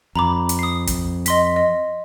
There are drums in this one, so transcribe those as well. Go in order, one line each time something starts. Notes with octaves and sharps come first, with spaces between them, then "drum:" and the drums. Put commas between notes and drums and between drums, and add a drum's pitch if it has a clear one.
F2 A#5 B5 D6
drum: hi-hat
D#6 C7
drum: kick, hi-hat
D#5 C6 B6, drum: hi-hat
D#5